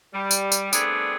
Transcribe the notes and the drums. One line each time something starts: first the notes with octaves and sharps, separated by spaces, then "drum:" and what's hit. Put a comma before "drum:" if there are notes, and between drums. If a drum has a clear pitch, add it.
G3
drum: tambourine
drum: tambourine
G3 A3 B3 C4 D4 G#4, drum: tambourine